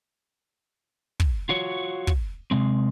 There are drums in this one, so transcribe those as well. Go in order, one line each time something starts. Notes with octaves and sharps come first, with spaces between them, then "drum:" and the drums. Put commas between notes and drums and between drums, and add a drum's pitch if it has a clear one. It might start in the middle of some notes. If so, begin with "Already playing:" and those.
drum: kick
F4 F#4 C#5
drum: kick
C3 G#3 C4